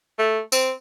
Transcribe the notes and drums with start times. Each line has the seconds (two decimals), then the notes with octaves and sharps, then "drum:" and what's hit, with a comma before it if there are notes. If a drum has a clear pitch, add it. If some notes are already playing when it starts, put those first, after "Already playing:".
0.19 A3
0.52 C4, drum: tambourine